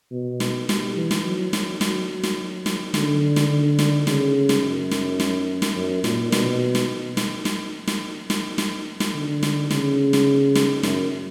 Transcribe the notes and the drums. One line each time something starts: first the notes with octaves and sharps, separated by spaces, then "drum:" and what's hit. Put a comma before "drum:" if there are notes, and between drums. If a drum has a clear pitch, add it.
B2
drum: snare
G3, drum: snare
E3
drum: snare
F#3
drum: snare
F#3, drum: snare
drum: snare
drum: snare
D3, drum: snare
drum: snare
D3
drum: snare
C#3, drum: snare
drum: snare
F#2
drum: snare
drum: snare
drum: snare
F#2
A#2, drum: snare
B2, drum: snare
drum: snare
drum: snare
drum: snare
drum: snare
drum: snare
drum: snare
drum: snare
D3
drum: snare
C#3, drum: snare
drum: snare
drum: snare
F#2, drum: snare